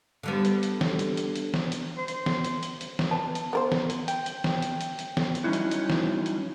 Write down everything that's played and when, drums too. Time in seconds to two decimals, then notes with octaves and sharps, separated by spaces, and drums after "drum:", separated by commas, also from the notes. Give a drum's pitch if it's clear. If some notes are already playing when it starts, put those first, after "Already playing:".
0.23 D3 G3 B3
0.45 drum: hi-hat
0.63 drum: hi-hat
0.81 drum: snare
0.99 drum: hi-hat
1.17 drum: hi-hat
1.36 drum: hi-hat
1.54 drum: snare
1.72 drum: hi-hat
1.97 C5
2.08 drum: hi-hat
2.26 drum: snare
2.45 drum: hi-hat
2.63 drum: hi-hat
2.81 drum: hi-hat
2.99 drum: snare
3.11 B3 A5
3.35 drum: hi-hat
3.53 B3 A#4 C5
3.72 drum: snare
3.90 drum: hi-hat
4.08 G5, drum: hi-hat
4.26 drum: hi-hat
4.44 drum: snare
4.62 drum: hi-hat
4.81 drum: hi-hat
4.99 drum: hi-hat
5.17 drum: snare
5.35 drum: hi-hat
5.44 F#3 G3 C#4 D#4 E4 F#4
5.53 drum: hi-hat
5.71 drum: hi-hat
5.90 drum: snare
6.26 drum: hi-hat